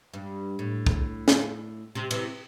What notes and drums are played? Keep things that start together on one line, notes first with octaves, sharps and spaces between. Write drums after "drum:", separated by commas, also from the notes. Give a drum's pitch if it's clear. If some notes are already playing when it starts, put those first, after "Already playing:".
G2
A2
drum: kick
drum: snare
C3
C3 E3, drum: cymbal